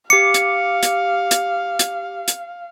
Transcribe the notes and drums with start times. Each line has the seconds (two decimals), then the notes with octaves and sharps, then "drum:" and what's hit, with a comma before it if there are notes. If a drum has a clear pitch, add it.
0.10 G4 F5 D6 C#7
0.34 drum: hi-hat
0.83 drum: hi-hat
1.31 drum: hi-hat
1.79 drum: hi-hat
2.28 drum: hi-hat